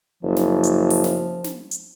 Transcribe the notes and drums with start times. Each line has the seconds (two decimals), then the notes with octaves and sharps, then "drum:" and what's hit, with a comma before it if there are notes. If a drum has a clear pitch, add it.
0.23 F#1 F3
0.36 drum: snare
0.63 drum: hi-hat
0.90 drum: open hi-hat
1.04 drum: snare
1.44 drum: snare
1.71 drum: hi-hat